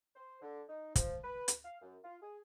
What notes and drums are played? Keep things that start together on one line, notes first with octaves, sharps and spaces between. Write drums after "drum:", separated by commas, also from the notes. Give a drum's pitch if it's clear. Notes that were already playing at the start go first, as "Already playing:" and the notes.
C5
D3
D#4
F3, drum: kick, hi-hat
B4
drum: hi-hat
F5
F#2
F4
G#4